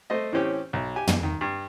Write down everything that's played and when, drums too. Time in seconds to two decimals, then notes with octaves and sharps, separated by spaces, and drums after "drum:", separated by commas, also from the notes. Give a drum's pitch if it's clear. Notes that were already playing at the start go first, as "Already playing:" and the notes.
0.10 A3 C5 D#5
0.32 A2 E3 C4 C#4 G4
0.73 B1
0.96 G4 G#5
1.07 drum: tom
1.23 D#3
1.41 G2